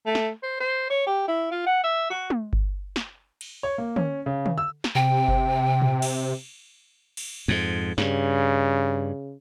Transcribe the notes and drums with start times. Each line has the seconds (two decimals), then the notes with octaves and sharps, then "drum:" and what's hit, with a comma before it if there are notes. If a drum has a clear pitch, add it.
0.06 A3
0.15 drum: snare
0.43 C5
0.60 C5
0.90 C#5
1.06 G4
1.28 E4
1.51 F4
1.66 F#5
1.84 E5
2.10 F#4
2.30 drum: tom
2.53 drum: kick G1
2.96 drum: snare
3.41 drum: cymbal
3.63 C#5
3.78 A#3
3.96 C#4, drum: tom
4.26 C#3
4.46 drum: tom
4.58 E6
4.84 drum: snare
4.95 C3 G5
5.28 drum: kick G1
5.81 drum: tom
6.02 drum: cymbal
7.17 drum: cymbal
7.48 F2 G#2
7.98 G2 C#3, drum: snare